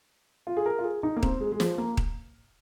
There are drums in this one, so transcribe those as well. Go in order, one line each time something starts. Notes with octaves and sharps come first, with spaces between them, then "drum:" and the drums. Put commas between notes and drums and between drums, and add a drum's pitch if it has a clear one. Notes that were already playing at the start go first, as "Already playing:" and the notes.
F4
G#4
A#4
F4
G#4
D#4
A#3
C4, drum: kick D#1
G#3
G#3
F3, drum: snare
A#3
drum: kick D#1